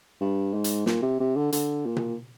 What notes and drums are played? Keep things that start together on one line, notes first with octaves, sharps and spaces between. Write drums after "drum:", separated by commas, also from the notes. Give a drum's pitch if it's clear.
G2
G#2
drum: hi-hat
A#2, drum: snare
C3
C3
D3
D3, drum: hi-hat
A#2
drum: tom B2